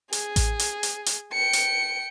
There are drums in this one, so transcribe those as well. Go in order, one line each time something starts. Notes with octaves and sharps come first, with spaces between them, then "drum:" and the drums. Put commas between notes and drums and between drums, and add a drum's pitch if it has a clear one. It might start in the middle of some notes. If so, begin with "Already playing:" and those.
G#4, drum: hi-hat
drum: kick A1, hi-hat
drum: hi-hat
drum: hi-hat
drum: hi-hat
G5 C#7
drum: hi-hat